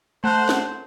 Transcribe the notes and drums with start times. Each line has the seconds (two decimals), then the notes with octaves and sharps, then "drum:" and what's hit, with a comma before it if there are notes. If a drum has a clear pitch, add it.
0.24 A3 C5 F#5 A5 A#5 G6
0.49 drum: snare